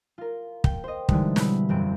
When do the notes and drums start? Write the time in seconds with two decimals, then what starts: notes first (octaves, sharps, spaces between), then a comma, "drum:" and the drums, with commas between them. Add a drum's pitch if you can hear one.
0.18 F4 A#4
0.64 G5, drum: kick
0.84 C5 D#5
1.09 D3 E3 G3 G#3 D#4, drum: kick
1.36 B2 E4 B5, drum: snare
1.69 E1 F#2 C4 D7